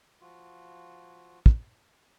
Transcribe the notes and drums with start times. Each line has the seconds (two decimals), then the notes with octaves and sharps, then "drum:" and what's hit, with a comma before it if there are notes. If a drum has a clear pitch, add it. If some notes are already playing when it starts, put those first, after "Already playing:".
0.21 F3 F4 F#4
1.46 drum: kick